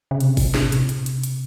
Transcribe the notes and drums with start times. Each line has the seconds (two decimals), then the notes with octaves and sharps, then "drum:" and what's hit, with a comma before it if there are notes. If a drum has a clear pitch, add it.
0.11 C#3
0.20 C3, drum: hi-hat
0.37 drum: kick G#1, open hi-hat
0.54 drum: snare
0.66 A#2
0.72 C3, drum: hi-hat
0.89 drum: hi-hat
1.06 drum: hi-hat
1.23 drum: hi-hat